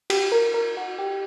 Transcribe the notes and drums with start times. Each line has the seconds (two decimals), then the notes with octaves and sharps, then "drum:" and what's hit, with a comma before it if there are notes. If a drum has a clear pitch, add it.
0.10 G4, drum: cymbal
0.32 A#4
0.54 A#4
0.77 F#4
0.99 G4